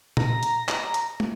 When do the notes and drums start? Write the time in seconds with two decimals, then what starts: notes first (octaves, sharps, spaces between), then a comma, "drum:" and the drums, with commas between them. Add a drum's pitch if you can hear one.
0.17 A#5, drum: tom A#2
0.43 drum: hi-hat
0.68 drum: clap
0.94 drum: hi-hat
1.20 drum: tom